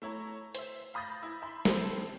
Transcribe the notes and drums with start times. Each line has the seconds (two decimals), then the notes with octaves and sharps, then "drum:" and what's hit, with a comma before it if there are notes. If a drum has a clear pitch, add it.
0.02 A3 E4 C#5 A#5
0.55 C5 E5, drum: hi-hat
0.94 F5 B5 D#6 G6 A6 A#6
1.23 E4
1.42 E5 B5 C6
1.65 C4 E4 A4 C5, drum: snare